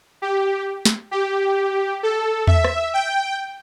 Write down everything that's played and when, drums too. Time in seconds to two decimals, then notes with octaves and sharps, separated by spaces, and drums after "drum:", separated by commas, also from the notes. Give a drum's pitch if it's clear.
0.22 G4
0.85 drum: snare
1.11 G4
2.03 A4
2.47 E5, drum: tom E2
2.64 drum: rim click
2.94 G5